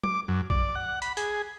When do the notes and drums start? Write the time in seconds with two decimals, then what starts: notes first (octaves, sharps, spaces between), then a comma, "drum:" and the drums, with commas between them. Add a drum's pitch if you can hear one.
0.03 D6, drum: tom F#3
0.28 F#2
0.50 D5, drum: kick A#1
0.75 F#5
1.02 B5, drum: hi-hat
1.17 G#4, drum: hi-hat